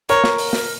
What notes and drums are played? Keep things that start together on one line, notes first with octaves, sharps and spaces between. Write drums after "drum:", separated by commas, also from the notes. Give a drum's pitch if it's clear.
A#4 C#5, drum: hi-hat
drum: snare
drum: open hi-hat
drum: snare